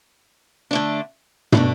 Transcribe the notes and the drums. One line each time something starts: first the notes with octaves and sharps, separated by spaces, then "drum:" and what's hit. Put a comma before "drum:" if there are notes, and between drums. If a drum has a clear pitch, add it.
D3 A3 D4
B2 A3 D4, drum: tom